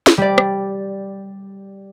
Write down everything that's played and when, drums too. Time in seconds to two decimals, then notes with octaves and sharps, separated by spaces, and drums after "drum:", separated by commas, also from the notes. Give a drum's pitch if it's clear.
0.07 drum: snare
0.18 G3 D5
0.38 drum: rim click